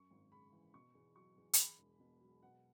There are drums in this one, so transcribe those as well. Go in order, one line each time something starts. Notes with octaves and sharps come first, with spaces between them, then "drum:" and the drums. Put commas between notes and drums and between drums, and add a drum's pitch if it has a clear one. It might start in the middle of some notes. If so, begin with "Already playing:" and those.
Already playing: F#2 C#6
G#1
C#3 B5
E3
B2 C#6
E2
F#3 C#6
E2
G#5, drum: hi-hat
E2 B5
E1
B2
F#3
B2 F#5